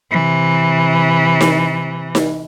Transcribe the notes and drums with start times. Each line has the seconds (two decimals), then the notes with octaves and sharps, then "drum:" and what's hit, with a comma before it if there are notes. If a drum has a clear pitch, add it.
0.11 C3 E3
1.41 drum: snare D#4
2.15 drum: snare D#4